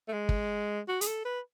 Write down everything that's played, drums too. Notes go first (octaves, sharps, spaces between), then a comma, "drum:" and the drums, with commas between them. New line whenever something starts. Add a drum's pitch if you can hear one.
A3
G#3
drum: kick
F#4
G#4, drum: hi-hat
A4
B4